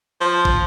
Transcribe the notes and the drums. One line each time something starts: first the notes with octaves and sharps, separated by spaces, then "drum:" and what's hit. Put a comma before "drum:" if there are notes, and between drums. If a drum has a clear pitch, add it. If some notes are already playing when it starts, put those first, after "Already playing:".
F3
drum: kick